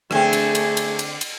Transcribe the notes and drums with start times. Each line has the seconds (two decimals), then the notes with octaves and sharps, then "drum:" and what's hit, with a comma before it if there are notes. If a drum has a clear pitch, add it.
0.11 D3 A3 C4 G#4, drum: rim click
0.33 drum: cymbal
0.55 drum: cymbal
0.77 drum: cymbal
0.99 drum: cymbal
1.21 drum: cymbal